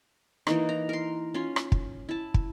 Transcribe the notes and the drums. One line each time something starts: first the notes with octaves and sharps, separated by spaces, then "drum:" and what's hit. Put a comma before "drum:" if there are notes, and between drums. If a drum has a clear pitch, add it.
E3 A#3 D#4, drum: rim click
A#5
A#4 C6
C#4 F4
drum: rim click
drum: kick
E4 A5
drum: kick